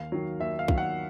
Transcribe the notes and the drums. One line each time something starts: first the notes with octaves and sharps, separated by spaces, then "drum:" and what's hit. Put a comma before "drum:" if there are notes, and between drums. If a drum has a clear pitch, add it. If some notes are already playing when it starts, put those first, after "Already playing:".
Already playing: D#2 F5
D#3 F#3
D#2 E5
F5
D#3 F#3, drum: kick
F#5